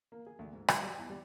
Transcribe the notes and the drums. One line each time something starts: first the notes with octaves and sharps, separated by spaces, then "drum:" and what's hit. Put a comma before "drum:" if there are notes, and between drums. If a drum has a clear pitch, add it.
A#3
G#4
D2
G#2
F#3, drum: rim click
G3
E2
G3